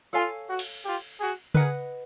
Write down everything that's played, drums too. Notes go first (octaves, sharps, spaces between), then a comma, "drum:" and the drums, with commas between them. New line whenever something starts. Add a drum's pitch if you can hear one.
F4 A4 C#5 F5 G#5
F#4
drum: cymbal
F4 G4
F#4 G#4
G#4 A#4 B4 D#5 F#5, drum: tom C#3